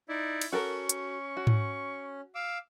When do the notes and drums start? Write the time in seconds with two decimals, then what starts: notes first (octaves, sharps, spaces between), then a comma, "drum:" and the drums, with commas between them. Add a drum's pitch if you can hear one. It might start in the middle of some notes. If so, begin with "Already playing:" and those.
0.09 D#4 E4 D5
0.41 drum: cymbal
0.53 C#4 F#4 A4 A#4 C#6
0.89 drum: hi-hat
1.37 F#4
1.47 drum: tom G#2
2.35 F5 D6 E6